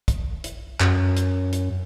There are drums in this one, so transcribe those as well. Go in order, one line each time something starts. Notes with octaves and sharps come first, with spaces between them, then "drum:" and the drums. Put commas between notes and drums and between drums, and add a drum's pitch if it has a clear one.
drum: kick, hi-hat
drum: hi-hat
F#2, drum: clap
drum: hi-hat
drum: hi-hat